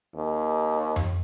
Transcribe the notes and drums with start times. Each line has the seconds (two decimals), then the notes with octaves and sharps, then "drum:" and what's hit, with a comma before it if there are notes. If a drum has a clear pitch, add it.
0.16 D#2
0.96 drum: tom F2